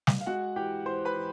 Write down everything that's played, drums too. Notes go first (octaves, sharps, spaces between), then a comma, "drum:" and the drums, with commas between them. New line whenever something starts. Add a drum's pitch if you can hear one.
drum: snare
F5
G#3 F#4 F#5
E3 G4 G5
E3 C5 C6
B4 B5
E3